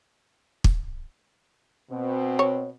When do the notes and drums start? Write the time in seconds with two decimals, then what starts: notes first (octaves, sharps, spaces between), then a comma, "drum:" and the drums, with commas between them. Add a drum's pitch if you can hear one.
0.64 drum: kick
1.91 B2 C4
2.39 C#5